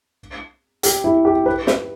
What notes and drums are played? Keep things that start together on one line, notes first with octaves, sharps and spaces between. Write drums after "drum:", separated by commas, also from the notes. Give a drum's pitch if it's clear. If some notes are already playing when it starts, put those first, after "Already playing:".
G4, drum: hi-hat
E4
G4
B4
B4, drum: snare